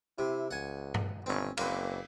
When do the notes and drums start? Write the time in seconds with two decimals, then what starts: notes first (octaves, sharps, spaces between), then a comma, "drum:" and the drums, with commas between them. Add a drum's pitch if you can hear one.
0.19 C3 E4
0.51 C#2 F#5 G#5
0.94 drum: tom G2
1.26 G1 C4 C#4
1.57 F#1 A#3 C4 B4, drum: cymbal